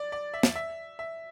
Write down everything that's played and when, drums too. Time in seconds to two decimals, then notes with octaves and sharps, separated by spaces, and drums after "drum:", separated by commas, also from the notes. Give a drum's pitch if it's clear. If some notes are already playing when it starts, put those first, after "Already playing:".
Already playing: D5
0.12 D5
0.34 E5
0.43 drum: snare
0.55 E5
0.99 E5